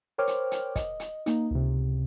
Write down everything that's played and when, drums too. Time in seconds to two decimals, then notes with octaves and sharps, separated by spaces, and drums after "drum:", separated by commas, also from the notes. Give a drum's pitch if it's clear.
0.18 A#4 C5 C#5 G5 D6 F6
0.27 drum: hi-hat
0.51 drum: hi-hat
0.76 D#5, drum: kick, hi-hat
1.00 drum: hi-hat
1.26 A#3 D#4, drum: hi-hat
1.51 C#2 C3